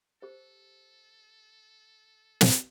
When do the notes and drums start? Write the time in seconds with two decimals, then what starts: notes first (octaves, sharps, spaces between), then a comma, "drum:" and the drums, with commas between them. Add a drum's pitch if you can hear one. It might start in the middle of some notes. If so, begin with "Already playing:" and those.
0.22 G4 A4 C5
2.41 drum: snare